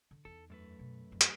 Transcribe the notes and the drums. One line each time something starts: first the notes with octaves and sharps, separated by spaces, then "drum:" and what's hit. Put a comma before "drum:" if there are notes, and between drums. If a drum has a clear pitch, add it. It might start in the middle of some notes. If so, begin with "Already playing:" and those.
D3
E2 D#4 A4
F#2 A3 B4
B2
F2 D#3
drum: hi-hat